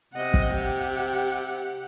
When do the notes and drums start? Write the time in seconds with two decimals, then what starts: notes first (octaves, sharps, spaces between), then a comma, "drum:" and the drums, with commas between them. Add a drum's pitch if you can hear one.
0.13 C3 D#5 F#5
0.34 drum: kick
0.54 G4 F#5